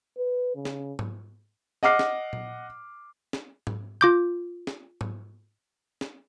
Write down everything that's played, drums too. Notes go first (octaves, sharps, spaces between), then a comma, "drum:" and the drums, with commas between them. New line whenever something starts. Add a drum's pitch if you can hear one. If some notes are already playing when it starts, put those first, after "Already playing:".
B4
C#3
drum: snare
drum: tom G#2
D#5 F#5 D6 F6 C7
drum: snare
drum: tom A#2
drum: snare
drum: tom G#2
F4 D6 G6
drum: snare
drum: tom G#2
drum: snare